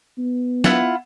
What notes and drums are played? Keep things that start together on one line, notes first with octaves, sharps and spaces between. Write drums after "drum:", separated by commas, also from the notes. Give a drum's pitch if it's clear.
B3
E4 F4 F#5, drum: snare